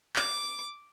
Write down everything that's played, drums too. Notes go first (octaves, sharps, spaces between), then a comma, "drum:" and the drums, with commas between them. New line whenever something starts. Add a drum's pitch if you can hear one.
D6, drum: clap